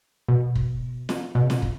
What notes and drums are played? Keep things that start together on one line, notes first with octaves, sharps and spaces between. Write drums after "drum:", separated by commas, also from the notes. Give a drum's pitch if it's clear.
B2
drum: kick
drum: snare
B2
C#3
B2, drum: snare
drum: kick